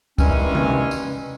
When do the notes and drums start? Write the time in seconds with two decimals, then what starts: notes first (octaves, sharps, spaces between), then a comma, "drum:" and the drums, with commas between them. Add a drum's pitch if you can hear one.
0.18 G2 D#3 E3 G#3 C4 C#4, drum: kick, tambourine
0.55 drum: tom C3
0.91 drum: tambourine